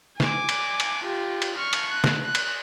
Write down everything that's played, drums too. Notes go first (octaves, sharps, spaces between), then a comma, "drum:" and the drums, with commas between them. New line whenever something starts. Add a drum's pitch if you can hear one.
G#5 D6, drum: snare
drum: cymbal
drum: cymbal
F4 G4
drum: cymbal
C#6 F6
drum: cymbal
F#6
drum: snare
F#6
drum: cymbal